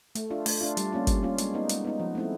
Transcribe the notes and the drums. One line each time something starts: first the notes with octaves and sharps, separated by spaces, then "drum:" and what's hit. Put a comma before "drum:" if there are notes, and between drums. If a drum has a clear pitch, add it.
A3, drum: hi-hat
D4 F4
A3, drum: open hi-hat
D4 F4
G3, drum: hi-hat
A#3 C#4 F4
G3, drum: kick, hi-hat
A#3 C#4 F4
G#3, drum: hi-hat
B3 D#4
G#3, drum: hi-hat
B3 D#4
F3
A3 C4 E4